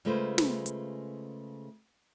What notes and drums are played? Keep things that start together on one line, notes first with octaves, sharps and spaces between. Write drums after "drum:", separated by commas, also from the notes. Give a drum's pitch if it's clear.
C#3 G#3 A3 F4 B4 C5
drum: snare
drum: hi-hat